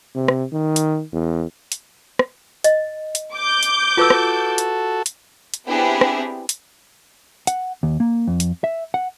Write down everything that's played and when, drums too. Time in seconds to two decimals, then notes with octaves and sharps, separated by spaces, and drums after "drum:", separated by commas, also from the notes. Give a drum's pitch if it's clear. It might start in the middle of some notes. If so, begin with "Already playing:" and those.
0.15 C3
0.28 drum: rim click
0.52 D#3
0.76 drum: hi-hat
1.13 E2
1.72 drum: hi-hat
2.19 drum: rim click
2.64 D#5, drum: hi-hat
3.15 drum: hi-hat
3.33 D6 G6
3.63 drum: hi-hat
3.97 F4 F#4 A4 B4 E6
4.10 drum: rim click
4.58 drum: hi-hat
5.06 drum: hi-hat
5.54 drum: hi-hat
5.67 B3 C4 D4 E4 G4 G#4
6.01 drum: rim click
6.49 drum: hi-hat
7.47 F#5, drum: hi-hat
7.83 D#2
8.00 A#3
8.27 F2
8.40 drum: hi-hat
8.64 E5
8.94 F#5